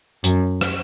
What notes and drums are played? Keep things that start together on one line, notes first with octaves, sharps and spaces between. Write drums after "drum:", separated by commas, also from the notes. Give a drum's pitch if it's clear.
F#2, drum: hi-hat
drum: rim click